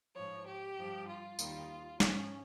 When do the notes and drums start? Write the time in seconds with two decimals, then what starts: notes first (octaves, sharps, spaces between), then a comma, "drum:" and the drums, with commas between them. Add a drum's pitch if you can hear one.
0.16 G#2 F3 C#5
0.47 G4
0.78 G2 F3
1.08 F4
1.39 D#2 D#3 G3, drum: tambourine
2.00 G#2 F3 C#4, drum: snare